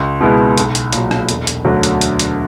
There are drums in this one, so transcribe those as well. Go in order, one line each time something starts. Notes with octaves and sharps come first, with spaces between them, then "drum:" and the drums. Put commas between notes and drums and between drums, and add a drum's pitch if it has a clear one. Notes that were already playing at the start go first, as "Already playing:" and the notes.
Already playing: C#2
B2 G#3 B3 E4
B1, drum: hi-hat
drum: hi-hat
A#2 F#3, drum: hi-hat
drum: rim click
E1, drum: hi-hat
drum: hi-hat
D2 D3 F#3
drum: hi-hat
drum: hi-hat
drum: hi-hat